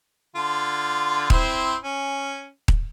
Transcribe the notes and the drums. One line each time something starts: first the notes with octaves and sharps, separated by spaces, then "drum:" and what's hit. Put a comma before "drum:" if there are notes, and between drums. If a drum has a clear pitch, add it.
D3 F4
C4 E4 C5, drum: kick D#1
C#4
drum: kick D#1